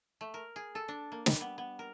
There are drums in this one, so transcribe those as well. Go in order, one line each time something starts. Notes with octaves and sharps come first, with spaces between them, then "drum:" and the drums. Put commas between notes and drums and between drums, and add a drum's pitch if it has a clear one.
A3
A#4
G#4
A4
D4
A#3
G3, drum: snare
B3
B3
A#4